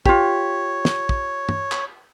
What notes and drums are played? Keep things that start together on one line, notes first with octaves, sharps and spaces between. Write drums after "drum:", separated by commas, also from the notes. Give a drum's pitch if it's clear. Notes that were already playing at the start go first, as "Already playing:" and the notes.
F4 G4 C#5, drum: kick
drum: snare
drum: kick
drum: tom
drum: clap